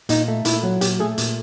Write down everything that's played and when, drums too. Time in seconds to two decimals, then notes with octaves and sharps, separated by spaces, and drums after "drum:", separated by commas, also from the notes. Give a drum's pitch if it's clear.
0.09 A#2 D#4, drum: hi-hat
0.28 A3
0.45 A#2 E4, drum: hi-hat
0.63 F#3
0.81 A#2 G4, drum: hi-hat
0.99 A3 G#4
1.18 A#2, drum: hi-hat